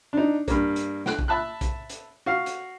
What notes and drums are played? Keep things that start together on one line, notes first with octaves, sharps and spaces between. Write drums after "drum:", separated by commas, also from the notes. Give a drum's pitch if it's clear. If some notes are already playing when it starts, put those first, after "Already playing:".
D4 D#4
G2 A#3, drum: kick B1, hi-hat
drum: hi-hat
G5 F#6, drum: snare
drum: kick B1
E5 A5 B5 F#6
drum: kick B1, hi-hat
drum: hi-hat
F#4 F5
drum: hi-hat